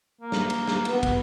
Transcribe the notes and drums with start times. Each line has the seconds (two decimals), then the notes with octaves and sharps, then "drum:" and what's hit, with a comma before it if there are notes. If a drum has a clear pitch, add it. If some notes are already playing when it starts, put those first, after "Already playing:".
0.21 A#3
0.32 drum: snare
0.50 drum: cymbal
0.67 drum: snare
0.85 B3, drum: cymbal
1.03 drum: kick, cymbal